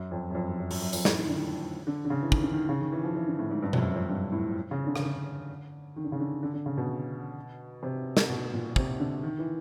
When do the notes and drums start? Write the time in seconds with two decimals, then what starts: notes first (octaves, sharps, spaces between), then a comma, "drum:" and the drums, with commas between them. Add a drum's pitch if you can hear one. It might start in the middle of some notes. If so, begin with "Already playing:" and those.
Already playing: F#2
0.11 F2
0.30 F#2
0.35 F2
0.47 F#2
0.58 F#2
0.71 F#2, drum: open hi-hat
0.82 F#2
0.93 F2, drum: tambourine
1.05 A2, drum: snare
1.17 D#3
1.29 D3
1.87 D3
2.05 D3
2.10 C#3
2.22 E3
2.32 D#3, drum: kick
2.42 D3
2.52 D#3
2.69 C#3
2.80 D#3
2.92 E3
3.04 F3
3.15 E3
3.27 D3
3.39 A2
3.51 G#2
3.62 G2
3.73 F2, drum: tom B2
3.78 F#2
3.93 F2
4.09 G2
4.32 A2
4.71 C#3
4.87 D3
4.96 C#3, drum: rim click
5.04 D3
5.96 D#3
6.04 D3
6.12 C#3
6.20 D3
6.43 D3
6.54 D3
6.66 C#3
6.77 B2
7.83 C3
8.17 drum: snare
8.29 B2
8.53 A#2
8.76 C3, drum: kick
9.00 D3
9.23 D#3
9.39 E3